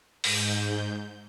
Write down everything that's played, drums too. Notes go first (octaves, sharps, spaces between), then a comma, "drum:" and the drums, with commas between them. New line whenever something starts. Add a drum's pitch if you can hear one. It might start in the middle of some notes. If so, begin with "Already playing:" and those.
G#2 G6, drum: open hi-hat